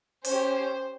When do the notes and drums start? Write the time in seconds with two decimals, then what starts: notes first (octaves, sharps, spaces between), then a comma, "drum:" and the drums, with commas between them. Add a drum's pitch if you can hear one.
0.25 C#4 G4 C5, drum: open hi-hat